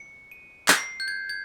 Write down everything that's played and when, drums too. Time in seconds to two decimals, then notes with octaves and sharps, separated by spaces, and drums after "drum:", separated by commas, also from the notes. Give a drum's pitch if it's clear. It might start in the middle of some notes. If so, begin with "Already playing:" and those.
Already playing: C#7
0.31 D#7
0.68 drum: clap
0.78 C7
1.00 G6
1.08 G#6
1.29 G#6